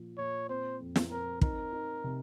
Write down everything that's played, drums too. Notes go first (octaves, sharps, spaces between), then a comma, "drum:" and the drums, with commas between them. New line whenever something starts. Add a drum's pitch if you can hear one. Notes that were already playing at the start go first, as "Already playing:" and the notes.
Already playing: A#2 F3
A#2 C#5
C4 C5
F2
drum: snare
C4 A#4
D#4 A#4, drum: kick
D#4
C3